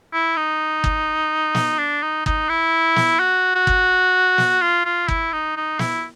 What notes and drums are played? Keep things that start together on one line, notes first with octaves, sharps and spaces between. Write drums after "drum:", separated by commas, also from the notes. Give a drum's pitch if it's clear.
E4
D#4
drum: kick
drum: snare
D4
D#4
D#4, drum: kick
E4
drum: snare
F#4
F#4
drum: kick
drum: snare
F4
F4
E4, drum: kick
D#4
D#4
E4, drum: snare